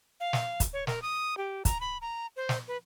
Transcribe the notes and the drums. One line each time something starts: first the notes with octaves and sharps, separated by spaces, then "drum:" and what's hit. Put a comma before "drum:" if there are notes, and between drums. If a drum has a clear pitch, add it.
F5
drum: snare
drum: kick, hi-hat
C#5
A#4, drum: snare
D#6
G4
A#5, drum: kick, hi-hat
B5
A#5
C5
drum: snare
B4